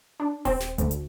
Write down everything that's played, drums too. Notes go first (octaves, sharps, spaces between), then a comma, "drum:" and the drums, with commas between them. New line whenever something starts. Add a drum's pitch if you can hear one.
D4
C4, drum: kick D#1, open hi-hat
drum: snare
D2, drum: hi-hat
drum: hi-hat